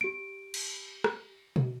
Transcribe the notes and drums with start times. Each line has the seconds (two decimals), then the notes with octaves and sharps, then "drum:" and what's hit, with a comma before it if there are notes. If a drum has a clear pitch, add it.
0.01 G4 D7
0.54 drum: cymbal
1.04 drum: rim click
1.56 drum: tom B2